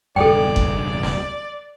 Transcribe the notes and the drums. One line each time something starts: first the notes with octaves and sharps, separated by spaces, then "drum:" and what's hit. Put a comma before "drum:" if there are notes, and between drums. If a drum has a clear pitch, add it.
E1 C#2 G2 A4 D5 G5
drum: kick G1
drum: snare